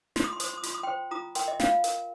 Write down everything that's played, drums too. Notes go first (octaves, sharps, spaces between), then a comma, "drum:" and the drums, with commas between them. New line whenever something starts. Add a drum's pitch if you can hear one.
F4 C6, drum: snare
D#6
C6
C5 D#6, drum: hi-hat
C6
D#6
F4 C6, drum: hi-hat
D#6
C5 G5 C6
F4 A#5 D#6
A#4 G5 C6, drum: hi-hat
D#5
F4 F5, drum: snare
A#4, drum: hi-hat